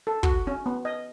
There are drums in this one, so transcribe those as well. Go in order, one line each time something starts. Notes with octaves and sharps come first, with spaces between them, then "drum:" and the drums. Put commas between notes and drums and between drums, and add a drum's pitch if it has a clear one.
A4
F#4, drum: kick
C#4
B3
D#5